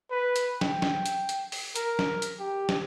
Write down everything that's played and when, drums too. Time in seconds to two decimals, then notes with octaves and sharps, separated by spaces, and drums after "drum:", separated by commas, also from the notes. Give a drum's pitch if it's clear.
0.11 B4
0.36 drum: hi-hat
0.61 G5, drum: snare
0.82 drum: snare
1.06 drum: hi-hat
1.29 drum: hi-hat
1.52 drum: open hi-hat
1.76 A#4, drum: hi-hat
1.99 drum: snare
2.22 drum: hi-hat
2.40 G4
2.69 drum: snare